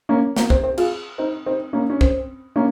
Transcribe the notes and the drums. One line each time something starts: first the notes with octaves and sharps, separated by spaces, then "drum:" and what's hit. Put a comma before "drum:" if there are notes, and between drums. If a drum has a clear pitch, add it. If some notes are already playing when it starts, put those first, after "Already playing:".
A#3 C#4
A#3, drum: snare
C4, drum: kick B1
C4
F4 G#4, drum: cymbal
C4 D#4
C4 D#4
A#3 C#4
C#4
C4, drum: kick B1
A#3 C#4